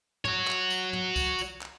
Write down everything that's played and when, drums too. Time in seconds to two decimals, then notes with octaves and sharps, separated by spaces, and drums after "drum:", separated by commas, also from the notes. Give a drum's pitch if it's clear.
0.25 F#4 C#5, drum: tom
0.47 drum: clap
0.70 drum: tambourine
0.93 drum: tom
1.16 drum: kick C2, tambourine
1.39 drum: tambourine
1.62 drum: clap